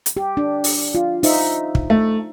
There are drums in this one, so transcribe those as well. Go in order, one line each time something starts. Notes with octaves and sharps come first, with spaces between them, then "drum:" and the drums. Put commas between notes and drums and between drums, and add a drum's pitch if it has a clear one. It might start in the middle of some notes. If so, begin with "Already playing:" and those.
drum: hi-hat
G4
D4
drum: open hi-hat
F4
D#4 C5 E5, drum: open hi-hat
drum: kick
A3